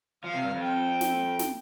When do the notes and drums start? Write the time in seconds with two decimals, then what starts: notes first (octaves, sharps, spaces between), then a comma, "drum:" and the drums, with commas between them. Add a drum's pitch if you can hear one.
0.24 F3 F5
0.34 C3
0.43 G2
0.53 F2
0.62 G5
1.01 drum: snare
1.39 drum: snare